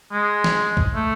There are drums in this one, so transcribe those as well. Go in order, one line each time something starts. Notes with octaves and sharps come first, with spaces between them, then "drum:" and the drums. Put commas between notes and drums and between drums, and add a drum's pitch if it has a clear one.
G#3
drum: snare
drum: kick B1
A3